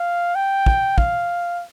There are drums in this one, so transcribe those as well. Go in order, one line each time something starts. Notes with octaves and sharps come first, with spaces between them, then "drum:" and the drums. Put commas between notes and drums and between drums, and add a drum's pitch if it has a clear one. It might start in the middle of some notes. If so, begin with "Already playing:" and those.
Already playing: F5
G5
drum: kick
F5, drum: kick